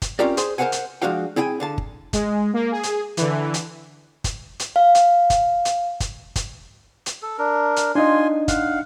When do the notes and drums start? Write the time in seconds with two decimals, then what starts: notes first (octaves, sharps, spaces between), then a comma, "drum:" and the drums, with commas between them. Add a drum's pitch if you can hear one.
0.02 drum: kick G1, hi-hat
0.19 C4 C#4 F4 G4 A#4 D5
0.37 G#4 C5 C6, drum: hi-hat
0.58 A#4 C5 C#5 F5 F#5 G#5
0.72 drum: hi-hat
1.02 F3 G#3 D4 F#4 F5 G5
1.36 C4 E4 G#4 G5 G#5
1.60 D3 F5 A5
1.78 drum: kick G1
2.13 G#3, drum: kick G1, hi-hat
2.53 A#3
2.72 G#4
2.83 drum: hi-hat
3.17 D3 E3, drum: hi-hat
3.54 drum: hi-hat
4.24 drum: kick G1, hi-hat
4.60 drum: hi-hat
4.76 F5
4.95 drum: hi-hat
5.30 drum: kick G1, hi-hat
5.65 drum: hi-hat
6.00 drum: kick G1, hi-hat
6.36 drum: kick G1, hi-hat
7.06 drum: hi-hat
7.22 A4
7.38 D4 A#4
7.76 drum: hi-hat
7.95 D4 D#4 F4 D#5 G#5 C6
8.48 F5 F#5, drum: kick G1, hi-hat